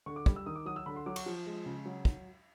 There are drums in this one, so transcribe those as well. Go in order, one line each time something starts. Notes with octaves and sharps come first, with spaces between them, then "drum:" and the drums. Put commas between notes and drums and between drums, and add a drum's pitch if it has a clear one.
D3 C#6
D6
G3, drum: kick
E6
D#3 D#6
D6
F#3 D#6
E6
D3 B5
C6
F#3 D6
C#6, drum: cymbal
F3
G#3
C#3
F#3
drum: kick